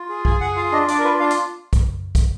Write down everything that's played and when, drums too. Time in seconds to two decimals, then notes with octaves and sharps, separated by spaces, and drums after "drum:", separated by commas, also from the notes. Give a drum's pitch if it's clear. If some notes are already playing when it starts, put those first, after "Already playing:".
Already playing: F4
0.09 G#4
0.25 G#4 G#5, drum: kick
0.40 G#4 F#5
0.56 F4 F5
0.72 D4 D#5
0.88 D4 D5, drum: hi-hat
0.99 A#4
1.04 F4 B4
1.20 D4 F5
1.30 drum: hi-hat
1.73 drum: kick, hi-hat
2.15 drum: kick, hi-hat